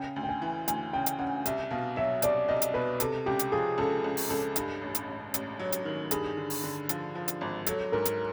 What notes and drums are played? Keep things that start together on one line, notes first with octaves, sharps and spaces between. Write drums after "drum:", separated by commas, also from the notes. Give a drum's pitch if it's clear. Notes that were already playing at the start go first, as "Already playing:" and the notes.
Already playing: C#3 G5
D2
G5
G#5
E3
D2 G#5, drum: hi-hat
C#3 G5
drum: hi-hat
C#3 F#5
C2 E5, drum: hi-hat
B2 F5
F#3 E5
C2 D5, drum: hi-hat
C2 D#5
drum: hi-hat
B2 B4
C3 A4, drum: hi-hat
C#2 G4
drum: hi-hat
F3 G#4
C#2 A4
C#2
drum: open hi-hat
C#2 A4
G2, drum: hi-hat
A1
drum: hi-hat
A1
A1, drum: hi-hat
F#3
drum: hi-hat
D#3
G2 G#4, drum: hi-hat
D3
drum: open hi-hat
D3
F3, drum: hi-hat
F3
drum: hi-hat
G#1
F#3 A4, drum: hi-hat
G#2 A#4
drum: hi-hat